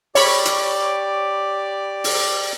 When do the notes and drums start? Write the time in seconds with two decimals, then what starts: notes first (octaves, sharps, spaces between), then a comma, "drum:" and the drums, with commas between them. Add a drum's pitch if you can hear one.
0.15 G4 C#5 D5 B5 C#6 D6, drum: open hi-hat
0.45 drum: hi-hat
2.04 drum: open hi-hat